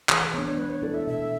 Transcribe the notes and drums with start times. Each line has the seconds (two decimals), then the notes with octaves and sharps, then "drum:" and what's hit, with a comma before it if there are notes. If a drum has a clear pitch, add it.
0.09 E3 G#4, drum: clap
0.21 B4
0.34 B3 D4 C#5
0.45 C#5
0.58 G#3 B4
0.70 C#5
0.82 B3 E4 A4 D5
0.94 E5
1.07 B2 E5